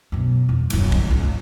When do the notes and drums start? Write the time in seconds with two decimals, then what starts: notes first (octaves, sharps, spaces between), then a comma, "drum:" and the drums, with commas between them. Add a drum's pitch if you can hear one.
0.12 F#2 B2
0.49 F2
0.70 D#1 F#2, drum: cymbal
0.92 drum: kick A#1
1.07 C#2 G#2